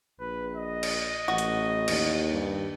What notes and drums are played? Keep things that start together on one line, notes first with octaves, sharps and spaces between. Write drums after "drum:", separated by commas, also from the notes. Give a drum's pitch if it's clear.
A#1 B4
D#5
drum: cymbal
A1 F#4
drum: hi-hat
D#2, drum: cymbal
G2